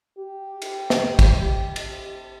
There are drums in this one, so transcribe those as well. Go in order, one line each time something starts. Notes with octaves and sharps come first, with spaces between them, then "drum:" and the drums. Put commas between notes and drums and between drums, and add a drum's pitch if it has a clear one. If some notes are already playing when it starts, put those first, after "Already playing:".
G4
drum: cymbal
drum: snare
drum: kick, cymbal
drum: cymbal